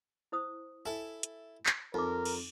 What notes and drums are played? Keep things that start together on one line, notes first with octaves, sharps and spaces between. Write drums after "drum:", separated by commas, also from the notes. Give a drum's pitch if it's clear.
E4 C5 D#6
E4 A4 G#5
drum: hi-hat
drum: clap
F2 D#4 A#4 D6
drum: cymbal